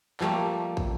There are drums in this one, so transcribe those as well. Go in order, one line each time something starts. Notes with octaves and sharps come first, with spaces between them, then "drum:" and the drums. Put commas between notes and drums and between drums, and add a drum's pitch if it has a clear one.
F3 G3 A3 A#3, drum: clap
drum: kick